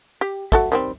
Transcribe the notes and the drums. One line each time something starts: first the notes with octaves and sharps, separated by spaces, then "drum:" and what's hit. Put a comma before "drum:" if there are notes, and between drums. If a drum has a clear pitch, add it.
G4
F#4 A4 E5, drum: kick, hi-hat
D#3 G3 C4